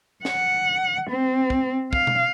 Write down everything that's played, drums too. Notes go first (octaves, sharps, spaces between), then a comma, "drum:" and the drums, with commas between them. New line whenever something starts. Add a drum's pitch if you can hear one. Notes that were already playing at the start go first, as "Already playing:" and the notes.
F#5, drum: snare
C4
drum: kick
F5, drum: kick
drum: tom B2